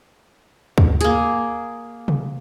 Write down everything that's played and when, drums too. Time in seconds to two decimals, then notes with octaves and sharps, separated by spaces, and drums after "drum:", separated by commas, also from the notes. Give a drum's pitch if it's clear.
0.78 drum: kick C#2
1.01 A#3 G#4, drum: hi-hat
2.08 drum: tom C3